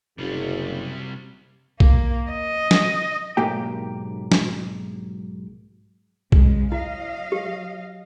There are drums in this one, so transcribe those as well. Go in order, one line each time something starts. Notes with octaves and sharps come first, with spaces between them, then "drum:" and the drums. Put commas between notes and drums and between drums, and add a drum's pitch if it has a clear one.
F#1 C3 G3
A#3, drum: kick B1
D#5
drum: snare
B1 G#2 A#3 G4 G5
drum: snare
C#3 G#3, drum: kick B1
F#3 E4 D#5 F5
G4